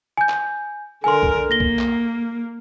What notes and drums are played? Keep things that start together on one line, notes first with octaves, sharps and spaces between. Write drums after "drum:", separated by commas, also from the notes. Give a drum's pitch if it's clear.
G#5 G6
drum: clap
D3 A#4 G#5 C6
drum: kick B1
A#3 A#6 G7
drum: kick B1
drum: clap